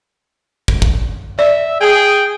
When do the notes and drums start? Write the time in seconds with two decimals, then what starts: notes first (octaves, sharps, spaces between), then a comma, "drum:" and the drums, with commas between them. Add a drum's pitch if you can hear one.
0.68 drum: kick
0.82 drum: kick
1.39 D5 E5
1.81 G#4 G5